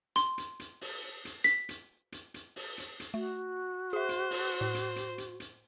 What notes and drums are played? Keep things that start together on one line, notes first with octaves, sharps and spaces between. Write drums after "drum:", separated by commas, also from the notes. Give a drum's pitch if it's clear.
C6, drum: hi-hat
drum: hi-hat
drum: hi-hat
drum: open hi-hat
drum: hi-hat
B6, drum: hi-hat
drum: hi-hat
drum: hi-hat
drum: hi-hat
drum: open hi-hat
drum: hi-hat
drum: hi-hat
A3 F#4
G#4 C5 E5
drum: hi-hat
drum: open hi-hat
A2
drum: hi-hat
drum: hi-hat
drum: hi-hat
drum: hi-hat